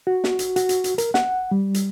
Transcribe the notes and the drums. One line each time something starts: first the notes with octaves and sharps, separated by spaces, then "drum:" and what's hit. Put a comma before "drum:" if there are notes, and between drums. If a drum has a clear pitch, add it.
F#4
drum: snare
drum: hi-hat
F#4, drum: hi-hat
drum: hi-hat
drum: hi-hat
A#4, drum: hi-hat
F#5, drum: snare
G3
drum: hi-hat